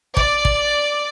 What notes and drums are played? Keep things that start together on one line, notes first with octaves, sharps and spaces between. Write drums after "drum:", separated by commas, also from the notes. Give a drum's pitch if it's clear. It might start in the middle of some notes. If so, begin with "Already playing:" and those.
D5, drum: kick
drum: kick